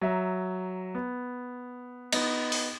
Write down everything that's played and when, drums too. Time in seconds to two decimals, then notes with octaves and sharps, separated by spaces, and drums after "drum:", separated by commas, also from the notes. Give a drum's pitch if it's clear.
0.01 F#3 E5 A#5
0.95 B3
2.13 B3 D#4, drum: cymbal
2.52 drum: open hi-hat